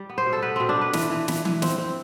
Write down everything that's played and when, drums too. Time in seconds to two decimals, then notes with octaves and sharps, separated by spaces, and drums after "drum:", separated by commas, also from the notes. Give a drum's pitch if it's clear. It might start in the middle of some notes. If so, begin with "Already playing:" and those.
Already playing: G3
0.09 B3
0.18 C5
0.26 B2
0.33 A4
0.42 B3 B4
0.56 B2 C4
0.69 D4
0.76 B2
0.81 B4
0.93 E3, drum: snare
1.10 E3
1.28 E3, drum: snare
1.45 E3, drum: tom E3
1.62 C4, drum: snare
1.78 C4